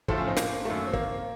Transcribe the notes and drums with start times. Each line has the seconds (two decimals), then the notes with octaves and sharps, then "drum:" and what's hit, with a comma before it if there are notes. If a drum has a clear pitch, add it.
0.08 A2 F3 A3 A4 C5, drum: kick
0.18 C#4 F4
0.27 C4 D#4
0.37 A#3, drum: snare
0.65 F#2 D#3 A3
0.87 C4
0.93 A#3, drum: kick